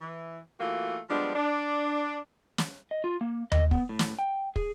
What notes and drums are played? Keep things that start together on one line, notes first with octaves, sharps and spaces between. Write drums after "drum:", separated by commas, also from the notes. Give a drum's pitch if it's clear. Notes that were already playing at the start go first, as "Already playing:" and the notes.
E3
E3 A3 A#3 F4 F#4
F3 G3 G#3 B3 D4
D4
drum: snare
D#5
F4
A#3
D#5, drum: tom D#2
B3, drum: kick
A2
drum: snare
G5
G#4, drum: kick